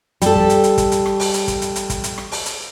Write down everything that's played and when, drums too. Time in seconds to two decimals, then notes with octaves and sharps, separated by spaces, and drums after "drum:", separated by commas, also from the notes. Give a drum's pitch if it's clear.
0.22 G3 A4, drum: hi-hat
0.36 drum: kick
0.50 drum: hi-hat
0.64 drum: hi-hat
0.78 drum: kick, hi-hat
0.92 drum: hi-hat
1.06 drum: rim click
1.20 drum: open hi-hat
1.34 drum: hi-hat
1.48 drum: kick, hi-hat
1.62 drum: hi-hat
1.76 drum: hi-hat
1.90 drum: kick, hi-hat
2.04 drum: hi-hat
2.18 drum: rim click
2.32 drum: open hi-hat
2.46 drum: hi-hat